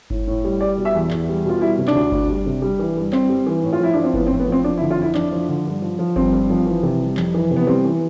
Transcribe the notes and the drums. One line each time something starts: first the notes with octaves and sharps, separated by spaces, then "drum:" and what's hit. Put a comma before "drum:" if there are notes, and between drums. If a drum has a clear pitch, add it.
A2, drum: kick G1
A2
G3
G3 D5
B2
E5
E2
E2, drum: clap
G3
B2 F4
G3 E4
C3
D4, drum: clap
D2
D2, drum: kick G1
G3
C3
G3
E3
G2
G2 C4, drum: clap
G3
E3
A2
F4
F3 E4
F3 D4
C4
A2 B3, drum: kick G1
C4
A2
B3
F3 C4
F3 D4
E4
D3
F4
F2 E4
F2 D4, drum: clap
F3
D3
G2
F3
F3
G2 C4, drum: kick G1
G2
F3
E3
C3
G3
F2, drum: clap
E3
C3
B3
G3 C4
E3